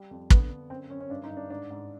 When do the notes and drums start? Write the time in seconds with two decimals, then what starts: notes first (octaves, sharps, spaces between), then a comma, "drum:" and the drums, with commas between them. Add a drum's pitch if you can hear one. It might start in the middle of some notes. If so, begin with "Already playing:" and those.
Already playing: G3
0.11 F2
0.30 D3 B3, drum: kick
0.50 D3
0.70 F#2 C4
0.90 F#2 C#4
1.00 C#4
1.10 G2 D4
1.24 D#4
1.30 G2
1.37 D4
1.50 G#2 D4
1.70 G#2